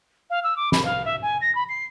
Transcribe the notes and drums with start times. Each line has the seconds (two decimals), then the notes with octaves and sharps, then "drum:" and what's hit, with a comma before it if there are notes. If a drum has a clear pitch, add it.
0.30 F5
0.44 E6
0.57 D6
0.72 B5, drum: snare
0.85 F5
1.05 E5
1.22 G#5
1.41 A#6
1.55 B5
1.69 C7